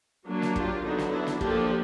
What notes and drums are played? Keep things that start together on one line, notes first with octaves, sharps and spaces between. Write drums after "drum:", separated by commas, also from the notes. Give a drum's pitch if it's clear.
F#3 A#3 D4
drum: snare
F4 G4, drum: kick
D3 F#3 B3 D4 D#4
drum: snare
D4 E4
drum: snare
F3 A#3 D4 G4 A4, drum: kick